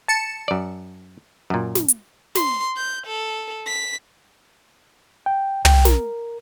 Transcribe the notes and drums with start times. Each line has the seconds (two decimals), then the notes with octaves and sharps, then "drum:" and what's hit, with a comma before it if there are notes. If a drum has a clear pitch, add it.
0.08 A5 C#7 E7
0.48 F#2 D5
1.50 F#2 A#2
1.75 drum: snare
1.88 drum: hi-hat
2.35 C6, drum: snare
2.77 G6
3.06 A4
3.67 B6
5.26 G5
5.65 G5, drum: tom
5.85 A#4, drum: snare